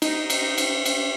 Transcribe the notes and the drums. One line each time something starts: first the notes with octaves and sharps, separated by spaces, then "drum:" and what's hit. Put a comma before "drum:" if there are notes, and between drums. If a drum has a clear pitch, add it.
D#4, drum: cymbal
drum: cymbal
drum: cymbal
drum: cymbal